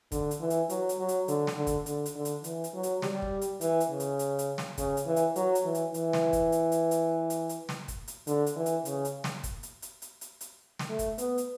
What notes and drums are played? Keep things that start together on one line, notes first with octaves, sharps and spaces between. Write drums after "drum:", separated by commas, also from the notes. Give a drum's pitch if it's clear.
D3, drum: kick, hi-hat
drum: hi-hat
E3
drum: hi-hat
F#3, drum: hi-hat
drum: hi-hat
F#3
drum: hi-hat
D3, drum: hi-hat
drum: snare
D3
drum: kick, hi-hat
D3, drum: hi-hat
drum: hi-hat
D3
drum: hi-hat
E3, drum: hi-hat
drum: hi-hat
F#3
drum: hi-hat
G3, drum: snare
drum: kick
drum: hi-hat
E3, drum: hi-hat
drum: hi-hat
C#3
drum: hi-hat
drum: hi-hat
drum: hi-hat
drum: snare
C#3, drum: kick, hi-hat
drum: hi-hat
E3
drum: hi-hat
F#3, drum: hi-hat
drum: hi-hat
E3
drum: hi-hat
E3, drum: hi-hat
drum: snare
drum: kick, hi-hat
drum: hi-hat
drum: hi-hat
drum: hi-hat
drum: hi-hat
drum: hi-hat
drum: snare
drum: kick, hi-hat
drum: hi-hat
D3, drum: hi-hat
drum: hi-hat
E3
drum: hi-hat
C#3, drum: hi-hat
drum: hi-hat
drum: snare
drum: kick, hi-hat
drum: hi-hat
drum: hi-hat
drum: hi-hat
drum: hi-hat
drum: hi-hat
drum: snare
A3
drum: kick, hi-hat
B3, drum: hi-hat
drum: hi-hat